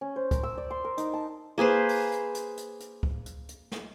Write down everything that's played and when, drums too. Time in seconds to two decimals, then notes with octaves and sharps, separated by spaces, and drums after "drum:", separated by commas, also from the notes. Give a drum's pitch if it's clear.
0.01 C#4
0.16 C5
0.31 A#4, drum: kick C#2, hi-hat
0.43 E6
0.58 D5
0.71 C6
0.84 A#4
0.98 D#4, drum: hi-hat
1.14 A5
1.58 A#3 G#4 B4 C5
1.89 drum: open hi-hat
2.12 drum: hi-hat
2.35 drum: hi-hat
2.57 drum: hi-hat
2.80 drum: hi-hat
3.03 drum: kick C#2
3.26 drum: hi-hat
3.49 drum: hi-hat
3.72 drum: snare